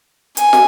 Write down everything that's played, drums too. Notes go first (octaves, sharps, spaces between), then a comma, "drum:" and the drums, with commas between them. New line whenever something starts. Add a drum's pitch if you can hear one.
G#5, drum: hi-hat
drum: snare